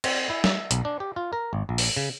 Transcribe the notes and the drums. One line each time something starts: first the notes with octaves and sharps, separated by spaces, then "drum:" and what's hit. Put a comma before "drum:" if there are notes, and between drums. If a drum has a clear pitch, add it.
C4, drum: cymbal
E4
E5, drum: snare
B1, drum: hi-hat
D4
G4
F4
A#4
G#1
A#1
drum: open hi-hat
C#3